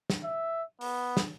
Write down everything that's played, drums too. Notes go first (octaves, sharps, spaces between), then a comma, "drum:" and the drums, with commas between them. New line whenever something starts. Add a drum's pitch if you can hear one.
drum: snare
E5
B3, drum: open hi-hat
drum: snare